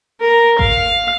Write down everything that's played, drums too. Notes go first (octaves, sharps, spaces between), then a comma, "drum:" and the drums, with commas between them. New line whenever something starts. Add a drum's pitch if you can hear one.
A#4
F5, drum: kick A1